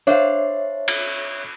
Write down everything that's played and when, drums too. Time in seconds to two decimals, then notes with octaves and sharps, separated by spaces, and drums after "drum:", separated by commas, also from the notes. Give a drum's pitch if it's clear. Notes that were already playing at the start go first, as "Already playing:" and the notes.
0.07 D4 C5 C#5 E5 F5
0.88 drum: cymbal